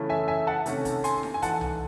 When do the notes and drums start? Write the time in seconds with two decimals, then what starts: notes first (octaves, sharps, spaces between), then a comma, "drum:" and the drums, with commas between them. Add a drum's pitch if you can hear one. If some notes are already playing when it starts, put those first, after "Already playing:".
Already playing: C#3 E3 A3 C#4 E4
0.09 E5 G#5
0.28 E5 G#5
0.47 F#5 A5
0.66 C3 D#3 A3 C#4, drum: hi-hat
0.85 drum: kick, hi-hat
1.04 G#5 C6, drum: hi-hat
1.23 drum: snare E4
1.34 G#5
1.42 E3 A3 D#4 F#5 A5, drum: kick, hi-hat
1.61 drum: tom C2